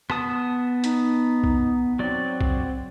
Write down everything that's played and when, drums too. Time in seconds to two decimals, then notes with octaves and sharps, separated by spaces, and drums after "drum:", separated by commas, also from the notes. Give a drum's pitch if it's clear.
0.10 B3 A5 D#6, drum: rim click
0.84 D#4, drum: hi-hat
1.43 drum: kick B1
1.99 F#3 C4 D5
2.41 drum: kick B1